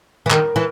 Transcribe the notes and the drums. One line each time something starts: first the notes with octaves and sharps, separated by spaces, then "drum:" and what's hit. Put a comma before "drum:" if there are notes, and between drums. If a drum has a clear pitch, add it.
E3
D#3 A#4, drum: clap
E3